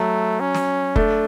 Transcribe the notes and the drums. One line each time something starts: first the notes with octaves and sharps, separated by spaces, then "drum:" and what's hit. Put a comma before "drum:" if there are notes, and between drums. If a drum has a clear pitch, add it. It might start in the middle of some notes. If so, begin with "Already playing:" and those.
Already playing: F#3 A3
C#4
drum: snare
A3 D4, drum: kick F1